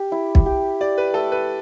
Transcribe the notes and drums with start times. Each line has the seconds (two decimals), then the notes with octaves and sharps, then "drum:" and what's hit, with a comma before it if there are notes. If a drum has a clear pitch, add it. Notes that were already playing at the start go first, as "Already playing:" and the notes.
Already playing: G4
0.12 E4
0.35 drum: kick
0.46 G4
0.81 G4 D5
0.98 B4
1.14 A3 A4
1.32 B4